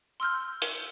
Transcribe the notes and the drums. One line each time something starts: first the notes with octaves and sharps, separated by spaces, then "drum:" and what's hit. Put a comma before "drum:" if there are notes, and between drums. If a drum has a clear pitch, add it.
C6 E6 F6 G6
drum: hi-hat